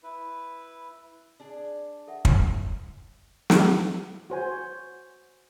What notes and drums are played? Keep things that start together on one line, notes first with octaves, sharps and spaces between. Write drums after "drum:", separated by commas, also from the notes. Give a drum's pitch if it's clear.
E4 B4
D4 G#4
A4 E5 F#5
B4 C#5, drum: kick
drum: snare
F#4 C5 G#5